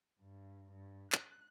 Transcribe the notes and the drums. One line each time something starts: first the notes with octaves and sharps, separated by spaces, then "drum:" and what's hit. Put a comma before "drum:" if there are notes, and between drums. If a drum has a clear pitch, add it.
G2
G2
F#6, drum: clap